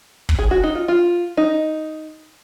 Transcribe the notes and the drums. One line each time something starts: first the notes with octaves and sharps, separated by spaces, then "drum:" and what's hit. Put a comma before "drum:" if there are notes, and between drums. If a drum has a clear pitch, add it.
drum: kick
G#4
F#4
D#4
F4
F4
D#4